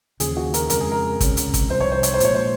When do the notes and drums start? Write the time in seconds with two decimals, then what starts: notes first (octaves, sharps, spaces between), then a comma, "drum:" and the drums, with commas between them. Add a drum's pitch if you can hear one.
0.20 D#2 C#3 F3 G#4, drum: hi-hat
0.37 F#4
0.54 A#4, drum: hi-hat
0.70 F2 C#3 G#3 A#4, drum: hi-hat
0.81 G#4
0.92 A#4
1.20 C#2 C3 F#3 C#4, drum: kick, hi-hat
1.37 drum: hi-hat
1.54 drum: kick, hi-hat
1.70 C2 C3 F3 C5
1.80 C#5
1.92 C5
2.03 C#5, drum: hi-hat
2.14 C5
2.20 A#2 F3 G#3 C#5, drum: hi-hat
2.35 C5